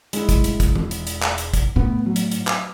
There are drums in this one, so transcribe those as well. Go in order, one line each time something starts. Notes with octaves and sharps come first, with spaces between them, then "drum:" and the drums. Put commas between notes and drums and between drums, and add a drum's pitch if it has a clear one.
G#3 E4, drum: hi-hat
drum: kick, hi-hat
E1, drum: hi-hat
drum: kick, hi-hat
drum: tom E3
drum: hi-hat
drum: hi-hat
drum: clap
drum: hi-hat
drum: kick, hi-hat
A2 B3
F#3
drum: hi-hat
drum: hi-hat
drum: clap